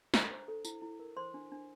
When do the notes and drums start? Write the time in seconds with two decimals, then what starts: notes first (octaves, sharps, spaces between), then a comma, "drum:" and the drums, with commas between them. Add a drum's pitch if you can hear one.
0.14 D4 A#5, drum: snare
0.31 C5
0.48 A4
0.65 E4, drum: tambourine
0.82 E4
1.00 A#4
1.17 C5 C6
1.34 D4
1.52 D4